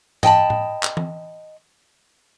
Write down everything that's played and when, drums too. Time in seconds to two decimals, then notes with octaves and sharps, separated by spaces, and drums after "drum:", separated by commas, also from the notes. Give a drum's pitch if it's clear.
0.23 D#5 G5 A5 B5, drum: tom G#2
0.50 drum: tom A2
0.83 drum: clap
0.97 drum: tom E3